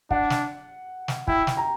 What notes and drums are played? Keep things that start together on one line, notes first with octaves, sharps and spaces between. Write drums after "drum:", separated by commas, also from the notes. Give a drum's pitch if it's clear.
D4 F#5, drum: kick
drum: snare
drum: snare
E4 G5, drum: kick
drum: snare
A#5